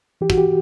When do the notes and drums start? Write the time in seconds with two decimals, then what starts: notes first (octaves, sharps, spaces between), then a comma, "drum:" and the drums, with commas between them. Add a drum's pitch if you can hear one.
0.21 E3 G4
0.30 F#4, drum: kick
0.38 G4